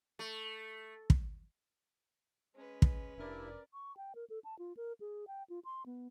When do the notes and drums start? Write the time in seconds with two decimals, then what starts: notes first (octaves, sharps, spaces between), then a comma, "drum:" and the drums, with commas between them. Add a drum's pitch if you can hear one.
0.19 A3
1.10 drum: kick
2.55 G#3 C#4 B4
2.82 drum: kick
3.18 F1 G2 D4 E4 A#4 D5
3.73 C#6
3.97 G5
4.15 A#4
4.30 A4
4.44 A5
4.59 F4
4.77 A#4
5.00 G#4
5.28 G5
5.50 F4
5.65 C6
5.86 B3